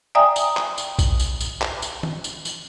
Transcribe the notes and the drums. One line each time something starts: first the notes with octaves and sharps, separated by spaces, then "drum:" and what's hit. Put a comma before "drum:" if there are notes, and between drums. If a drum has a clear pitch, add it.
D5 E5 G5 G#5 A#5 D#6
drum: tambourine
drum: clap
drum: tambourine
drum: kick A#1, tambourine
drum: tambourine
drum: tambourine
drum: clap
drum: tambourine
drum: tom
drum: tambourine
drum: tambourine